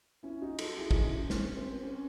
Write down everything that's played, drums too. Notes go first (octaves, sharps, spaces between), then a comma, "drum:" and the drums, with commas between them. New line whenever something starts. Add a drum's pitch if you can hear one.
C#4 E4
D#4 F#4
F#4 A4, drum: cymbal
E4 G#4
D#4 F#4, drum: kick
C#4 E4
C4, drum: snare
C#4
C4
C4
C#4